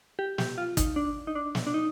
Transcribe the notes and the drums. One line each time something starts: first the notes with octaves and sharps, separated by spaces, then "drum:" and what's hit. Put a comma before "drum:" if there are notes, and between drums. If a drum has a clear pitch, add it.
G4
G4, drum: snare
F4
D#4, drum: kick, hi-hat
D4
D#4
D4
drum: snare
D4
D#4